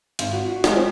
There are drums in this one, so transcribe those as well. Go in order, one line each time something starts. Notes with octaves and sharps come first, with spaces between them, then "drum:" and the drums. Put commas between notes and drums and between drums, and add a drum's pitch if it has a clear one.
G#1, drum: cymbal
F#4
F#4
G#3, drum: snare
C4